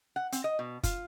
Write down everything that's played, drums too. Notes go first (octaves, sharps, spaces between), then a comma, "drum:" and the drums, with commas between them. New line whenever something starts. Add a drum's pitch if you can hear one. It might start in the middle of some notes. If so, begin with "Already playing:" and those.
F#5
C4, drum: hi-hat
D#5
B2
F4, drum: kick F#1, hi-hat